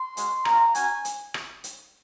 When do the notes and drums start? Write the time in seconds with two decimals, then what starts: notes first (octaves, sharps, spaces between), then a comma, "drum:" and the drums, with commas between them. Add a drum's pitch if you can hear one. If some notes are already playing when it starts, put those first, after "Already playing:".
Already playing: C6
0.17 G#3 C#4 F#4, drum: hi-hat
0.45 A#3 C#4 F4 A#5, drum: rim click
0.75 C#4 F#4 G#5, drum: hi-hat
1.05 drum: hi-hat
1.34 drum: rim click
1.64 drum: hi-hat